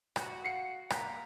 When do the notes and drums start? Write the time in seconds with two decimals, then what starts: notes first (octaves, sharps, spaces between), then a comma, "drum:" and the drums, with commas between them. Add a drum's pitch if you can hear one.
0.16 F#4, drum: rim click
0.45 F5 F#5 C7 C#7
0.90 A#3 A#5 B6, drum: rim click